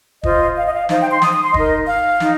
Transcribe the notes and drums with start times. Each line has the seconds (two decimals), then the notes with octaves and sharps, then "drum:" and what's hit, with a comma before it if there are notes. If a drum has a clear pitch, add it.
0.23 F4 C5 D#5, drum: kick
0.56 F5
0.65 D#5
0.73 F5
0.89 D#4 C5 F5, drum: snare
0.99 G5
1.11 C6
1.22 D#6, drum: snare
1.32 D#6
1.43 C6
1.54 D#4 A#4 D#5, drum: kick
1.87 F5
2.20 D#4, drum: snare